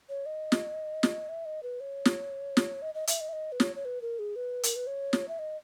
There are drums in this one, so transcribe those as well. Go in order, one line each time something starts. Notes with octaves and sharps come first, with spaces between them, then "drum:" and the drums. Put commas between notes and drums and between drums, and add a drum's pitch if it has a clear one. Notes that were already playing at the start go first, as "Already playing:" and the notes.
C#5
D#5
drum: snare
drum: snare
E5
D#5
B4
C#5
drum: snare
drum: snare
D#5
D#5
E5, drum: hi-hat
D#5
E5
D#5
B4
C#5, drum: snare
C#5
B4
A#4
G#4
B4
A#4, drum: hi-hat
B4
C#5
drum: snare
E5
D#5